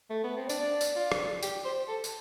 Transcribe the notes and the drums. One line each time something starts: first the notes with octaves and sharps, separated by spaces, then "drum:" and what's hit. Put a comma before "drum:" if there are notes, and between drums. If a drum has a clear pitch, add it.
A3
B3
C4
D4 D5, drum: tambourine
drum: tambourine
F4
drum: rim click
G4, drum: tambourine
C5
A4
drum: tambourine